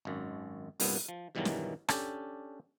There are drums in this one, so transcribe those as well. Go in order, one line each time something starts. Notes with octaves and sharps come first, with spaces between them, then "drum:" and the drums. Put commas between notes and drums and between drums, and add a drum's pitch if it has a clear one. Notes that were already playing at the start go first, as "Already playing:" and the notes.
G#1 F#2
C2 G2 A#2 B3, drum: open hi-hat
F3
E2 G2 B2 D#3 E3 F#3
drum: snare
C#4 D4 G4 A4, drum: rim click